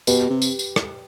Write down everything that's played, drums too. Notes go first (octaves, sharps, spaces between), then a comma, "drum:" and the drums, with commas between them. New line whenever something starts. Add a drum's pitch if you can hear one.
B2 G4 B4, drum: tambourine
C3
drum: tambourine
drum: tambourine
drum: rim click